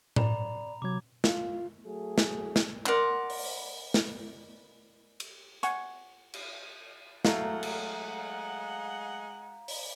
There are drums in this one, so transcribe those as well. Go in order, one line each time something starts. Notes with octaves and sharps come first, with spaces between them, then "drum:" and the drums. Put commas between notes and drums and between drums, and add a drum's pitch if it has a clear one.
D5 A#5 B5 F7, drum: tom A2
C3 F#3 D6 G#6
F4, drum: snare
F#3 A3 G#4
drum: snare
drum: snare
A#4 D5 F#5 C6, drum: clap
drum: open hi-hat
drum: open hi-hat
drum: snare
drum: cymbal
F#5 G#5 C#6, drum: hi-hat
drum: cymbal
F#3 G#3 A3 F5 F#5 A#5, drum: snare
drum: cymbal
drum: open hi-hat